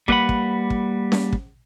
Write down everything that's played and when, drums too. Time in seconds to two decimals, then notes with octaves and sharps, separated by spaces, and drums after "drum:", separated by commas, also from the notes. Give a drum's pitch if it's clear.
0.08 G3 A#3 B4 D#5 F#5 B5, drum: kick
0.29 drum: kick
0.70 drum: kick
1.12 drum: snare C#4
1.33 drum: kick